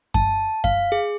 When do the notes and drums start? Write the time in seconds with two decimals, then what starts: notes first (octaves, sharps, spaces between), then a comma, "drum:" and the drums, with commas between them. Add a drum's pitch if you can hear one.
0.14 A5, drum: kick F#2
0.64 F5, drum: kick F#2
0.92 G#4